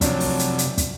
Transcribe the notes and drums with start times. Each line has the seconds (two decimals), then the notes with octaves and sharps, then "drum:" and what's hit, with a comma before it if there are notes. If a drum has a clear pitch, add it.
0.01 C3 F3 F#3 D4, drum: kick, hi-hat
0.20 drum: open hi-hat
0.39 drum: hi-hat
0.58 drum: hi-hat
0.78 drum: kick, hi-hat